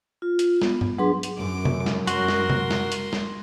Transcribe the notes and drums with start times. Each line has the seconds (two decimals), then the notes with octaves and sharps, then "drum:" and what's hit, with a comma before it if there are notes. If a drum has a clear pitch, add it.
0.22 F4
0.39 drum: hi-hat
0.62 B3, drum: snare
0.81 drum: tom G2
0.98 F#3 D4 G#4 B4 C6
1.23 drum: hi-hat
1.38 F#2 D6
1.65 drum: tom C3
1.86 drum: snare
2.07 F#4 A#4 C6, drum: hi-hat
2.28 drum: snare
2.50 drum: tom C3
2.71 drum: snare
2.92 drum: hi-hat
3.13 drum: snare